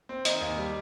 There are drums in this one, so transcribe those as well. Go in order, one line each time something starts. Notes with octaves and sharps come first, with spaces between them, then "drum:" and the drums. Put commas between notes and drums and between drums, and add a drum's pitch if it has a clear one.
C4
D#3 D#5, drum: hi-hat
D#2
G3